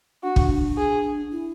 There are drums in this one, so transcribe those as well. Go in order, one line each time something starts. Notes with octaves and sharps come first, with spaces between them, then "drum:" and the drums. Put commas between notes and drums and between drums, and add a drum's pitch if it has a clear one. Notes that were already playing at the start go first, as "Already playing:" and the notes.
D4 F#4
drum: kick
G#4
E4